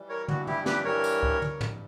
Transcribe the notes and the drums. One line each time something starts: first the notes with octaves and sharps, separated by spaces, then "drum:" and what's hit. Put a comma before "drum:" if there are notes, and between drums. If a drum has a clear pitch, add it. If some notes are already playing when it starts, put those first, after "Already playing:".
Already playing: E3 G3
A#4 C#5
G2 E3 G3 F#4, drum: tom
E4 G4, drum: tom
G4 B4, drum: snare
G2 E3 G3 A#4 C#5
drum: tambourine
drum: kick C#2
G2 E3 G3, drum: tom
drum: tom